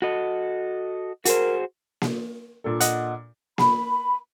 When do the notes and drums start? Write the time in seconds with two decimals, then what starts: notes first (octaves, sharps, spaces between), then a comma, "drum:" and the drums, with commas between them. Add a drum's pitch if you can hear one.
0.02 F#4 A4 D#5
1.25 F#4 G#4 A#4 C5, drum: hi-hat
2.02 drum: snare A#3
2.64 A#2 D4 A4
2.80 D#5 F#5, drum: hi-hat
3.58 B5, drum: snare A#3